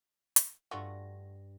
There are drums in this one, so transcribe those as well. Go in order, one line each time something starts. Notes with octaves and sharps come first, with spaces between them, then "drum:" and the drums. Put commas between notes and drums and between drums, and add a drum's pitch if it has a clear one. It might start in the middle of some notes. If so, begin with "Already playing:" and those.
drum: hi-hat
G2 A3 F4 F#4 A#6